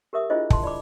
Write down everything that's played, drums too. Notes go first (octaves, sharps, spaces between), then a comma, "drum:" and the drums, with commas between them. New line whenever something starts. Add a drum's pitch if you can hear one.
G4 A#4 E5 D#6
D4 E4 F4 G#4 C5 D#5
A5 C6, drum: kick
D5 B5 D6